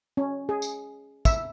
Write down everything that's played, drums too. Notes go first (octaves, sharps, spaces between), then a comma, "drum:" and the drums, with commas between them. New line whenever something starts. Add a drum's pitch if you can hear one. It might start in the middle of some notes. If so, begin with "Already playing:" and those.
C#4
G#4
drum: tambourine
E5, drum: kick, tambourine